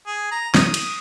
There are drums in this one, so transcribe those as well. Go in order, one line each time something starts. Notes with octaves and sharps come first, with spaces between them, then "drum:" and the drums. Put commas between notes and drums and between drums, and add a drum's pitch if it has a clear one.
G#4
A#5
D#6, drum: snare
drum: cymbal